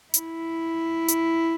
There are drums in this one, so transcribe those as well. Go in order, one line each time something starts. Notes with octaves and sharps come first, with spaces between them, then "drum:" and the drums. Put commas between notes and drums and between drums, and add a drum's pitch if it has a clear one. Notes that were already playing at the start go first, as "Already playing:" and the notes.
E4, drum: hi-hat
drum: hi-hat